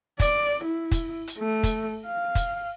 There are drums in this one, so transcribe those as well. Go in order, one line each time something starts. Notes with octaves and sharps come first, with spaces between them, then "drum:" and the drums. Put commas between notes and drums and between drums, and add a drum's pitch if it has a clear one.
D5, drum: kick, hi-hat
E4
drum: kick, hi-hat
drum: hi-hat
A3
drum: kick, hi-hat
F5
drum: kick, hi-hat